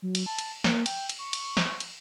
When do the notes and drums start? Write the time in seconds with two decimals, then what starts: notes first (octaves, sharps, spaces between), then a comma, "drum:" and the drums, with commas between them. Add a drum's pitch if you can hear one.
0.02 F#3
0.15 drum: cymbal
0.26 A5
0.38 drum: cymbal
0.64 A#3, drum: snare
0.86 G5, drum: cymbal
1.09 drum: cymbal
1.19 C#6
1.33 drum: cymbal
1.57 drum: snare
1.80 drum: cymbal